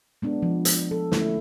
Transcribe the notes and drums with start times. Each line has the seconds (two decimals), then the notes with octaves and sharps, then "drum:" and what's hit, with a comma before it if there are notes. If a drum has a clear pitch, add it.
0.22 G#3 B3 D4
0.42 F3
0.65 drum: hi-hat
0.91 A4
1.12 D3 A3 C#4 E4, drum: snare